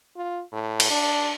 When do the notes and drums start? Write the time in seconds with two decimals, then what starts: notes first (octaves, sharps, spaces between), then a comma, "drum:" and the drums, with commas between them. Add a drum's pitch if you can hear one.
0.17 F4
0.52 A2
0.80 drum: cymbal
0.90 D4